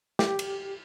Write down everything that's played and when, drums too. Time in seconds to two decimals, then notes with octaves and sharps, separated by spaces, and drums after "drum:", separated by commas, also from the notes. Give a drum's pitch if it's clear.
0.19 G4, drum: snare
0.39 drum: cymbal